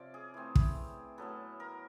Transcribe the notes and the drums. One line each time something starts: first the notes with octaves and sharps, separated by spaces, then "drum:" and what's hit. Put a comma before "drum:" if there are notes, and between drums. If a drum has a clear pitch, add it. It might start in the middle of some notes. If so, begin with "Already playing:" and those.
Already playing: C3 F3 C#4 D5
G#4
E3 A3 C4
drum: kick
A2 F#3 B3 A4
A#4